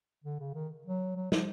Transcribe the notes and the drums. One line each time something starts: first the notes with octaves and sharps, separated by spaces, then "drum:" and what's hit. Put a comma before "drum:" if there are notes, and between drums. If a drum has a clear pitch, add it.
D3
C#3
D#3
F#3
F#3
F3, drum: snare